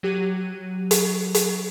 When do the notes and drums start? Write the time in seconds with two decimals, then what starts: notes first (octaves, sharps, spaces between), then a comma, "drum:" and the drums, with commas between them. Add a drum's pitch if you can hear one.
0.03 F#3 G4 D#7
0.91 drum: hi-hat
1.34 drum: hi-hat